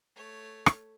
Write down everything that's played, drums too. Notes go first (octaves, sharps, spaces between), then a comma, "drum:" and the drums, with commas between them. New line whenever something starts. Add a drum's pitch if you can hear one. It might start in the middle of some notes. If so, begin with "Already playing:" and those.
A3 C#5
drum: rim click